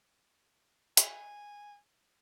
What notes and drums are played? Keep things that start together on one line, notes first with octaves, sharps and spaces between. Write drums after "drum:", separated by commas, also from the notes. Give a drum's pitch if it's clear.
G#5, drum: hi-hat